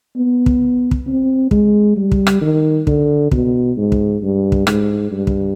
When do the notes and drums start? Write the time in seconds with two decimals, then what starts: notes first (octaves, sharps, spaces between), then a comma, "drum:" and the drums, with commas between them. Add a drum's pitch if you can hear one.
0.16 B3
0.46 drum: kick
0.91 drum: kick
1.07 C4
1.51 G#3, drum: kick
1.96 G3
2.12 drum: kick
2.27 drum: rim click
2.41 D#3
2.87 D3, drum: kick
3.31 B2, drum: kick
3.77 G#2
3.92 drum: kick
4.22 G2
4.52 drum: kick
4.67 G#2, drum: rim click
5.11 G2
5.27 drum: kick